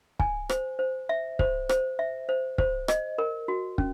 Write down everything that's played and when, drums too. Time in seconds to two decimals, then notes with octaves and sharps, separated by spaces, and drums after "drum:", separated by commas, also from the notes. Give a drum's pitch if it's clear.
0.20 G#5, drum: kick
0.49 C5, drum: rim click
0.79 C5
1.09 E5
1.39 C5, drum: kick
1.69 C5, drum: rim click
1.99 E5
2.29 C5
2.58 C5, drum: kick
2.88 D#5, drum: rim click
3.18 A#4
3.48 F#4
3.78 C#4, drum: kick